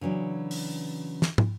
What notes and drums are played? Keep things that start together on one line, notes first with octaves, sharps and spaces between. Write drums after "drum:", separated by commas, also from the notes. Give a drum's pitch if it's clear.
C#3 E3 F#3 D4
drum: open hi-hat
drum: snare
drum: tom